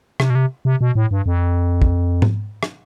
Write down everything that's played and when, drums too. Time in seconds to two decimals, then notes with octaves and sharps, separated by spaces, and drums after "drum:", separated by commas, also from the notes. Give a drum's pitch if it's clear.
0.20 C3, drum: rim click
0.30 B2
0.35 C3
0.65 C3
0.81 B2
0.95 A2
1.11 G2
1.26 F2
1.82 drum: kick
2.22 drum: tom G#2
2.63 drum: rim click